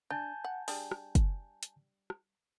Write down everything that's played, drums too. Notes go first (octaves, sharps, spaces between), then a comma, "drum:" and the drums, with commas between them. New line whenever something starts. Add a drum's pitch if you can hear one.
D4 G#5 A5 G6
F#5
G3 D4 G#4, drum: open hi-hat
drum: rim click
drum: kick, hi-hat
drum: hi-hat
drum: rim click